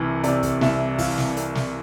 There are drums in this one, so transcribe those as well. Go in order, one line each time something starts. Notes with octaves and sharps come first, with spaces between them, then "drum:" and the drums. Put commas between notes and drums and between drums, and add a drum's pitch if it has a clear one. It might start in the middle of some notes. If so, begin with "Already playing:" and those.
Already playing: C2 C3 E3
C3 D5, drum: hi-hat
drum: kick, hi-hat
C2 E5, drum: snare
E3 F5, drum: kick, open hi-hat
drum: snare
drum: hi-hat
drum: snare